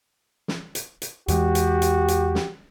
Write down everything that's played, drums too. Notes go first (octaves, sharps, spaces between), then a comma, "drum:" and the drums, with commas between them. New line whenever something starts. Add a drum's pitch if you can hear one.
drum: snare
drum: hi-hat
drum: hi-hat
E2 E3 G#3 F#4 G4, drum: hi-hat
drum: hi-hat
drum: hi-hat
drum: hi-hat
drum: snare